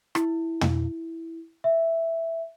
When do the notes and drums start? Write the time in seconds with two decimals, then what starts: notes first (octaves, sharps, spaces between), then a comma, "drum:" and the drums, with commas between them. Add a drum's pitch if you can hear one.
0.15 E4, drum: rim click
0.61 drum: tom
1.64 E5